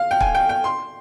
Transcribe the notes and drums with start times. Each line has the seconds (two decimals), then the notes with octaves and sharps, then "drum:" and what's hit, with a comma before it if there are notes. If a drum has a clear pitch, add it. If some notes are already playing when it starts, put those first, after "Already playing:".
Already playing: F5
0.11 G5
0.20 G#5, drum: kick
0.35 G5
0.49 G5
0.64 C6